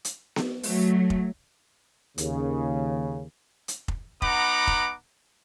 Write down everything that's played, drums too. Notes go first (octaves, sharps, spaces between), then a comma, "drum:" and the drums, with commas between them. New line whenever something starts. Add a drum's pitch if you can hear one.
drum: hi-hat
drum: snare B3
F#3 A3, drum: open hi-hat
drum: kick F1
D#2 C#3, drum: hi-hat
drum: hi-hat
drum: kick F1
B3 D#4 F#5 A#5 B5 D6, drum: kick F1
drum: kick F1